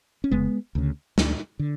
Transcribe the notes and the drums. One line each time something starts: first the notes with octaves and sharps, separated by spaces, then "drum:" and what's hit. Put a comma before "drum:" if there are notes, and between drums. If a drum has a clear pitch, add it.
C#4
F1 F2 C#3 G#3 B3
D2 C#3
D2 D3, drum: snare
D3